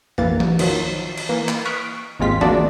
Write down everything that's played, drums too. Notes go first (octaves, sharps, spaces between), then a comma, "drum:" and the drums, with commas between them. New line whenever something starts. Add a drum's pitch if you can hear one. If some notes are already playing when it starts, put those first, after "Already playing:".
A#1 E3 A#3 A6, drum: tom
drum: tom
D#3 F3 F#3, drum: cymbal
drum: cymbal
E3 A#3
drum: clap
C#6 D#6 F6 F#6 B6 D7
G#1 D#2 G#3 C4 F4 B6
A3 A#3 D4 F#4 G#4 D5, drum: tom